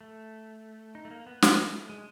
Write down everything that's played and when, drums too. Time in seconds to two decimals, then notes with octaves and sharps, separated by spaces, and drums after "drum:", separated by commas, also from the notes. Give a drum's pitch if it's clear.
0.01 A3
0.95 D#4
1.05 A3
1.11 A#3
1.27 B3
1.42 A3, drum: snare
1.89 G#3